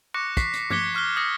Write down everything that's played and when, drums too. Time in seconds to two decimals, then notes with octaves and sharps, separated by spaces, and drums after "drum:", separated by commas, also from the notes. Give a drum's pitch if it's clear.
0.14 C#6 D6 F#6 A#6 C#7
0.37 C#6 B6 C7, drum: kick, hi-hat
0.54 drum: hi-hat
0.70 D6 F#6 G#6 B6 C#7 G7, drum: tom G2
0.95 C#6 F6 F#6 G7
1.16 D#6 G#6 A#6 C#7